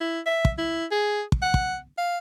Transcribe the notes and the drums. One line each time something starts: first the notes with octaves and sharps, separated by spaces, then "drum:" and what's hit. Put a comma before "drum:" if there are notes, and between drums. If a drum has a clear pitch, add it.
E4
E5
drum: kick
E4
G#4
drum: kick
F#5
drum: kick
F5